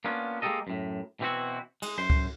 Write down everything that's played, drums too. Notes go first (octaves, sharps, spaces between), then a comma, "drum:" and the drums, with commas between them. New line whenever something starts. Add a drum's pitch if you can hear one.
A#3 B3 C#4 D4 F4
G#3 A#3 E4 G4 A4 D#5
F#2 A2
B2 E3 C4 E4 F#4
G#3, drum: cymbal
F#2 C5 C6
drum: kick C#2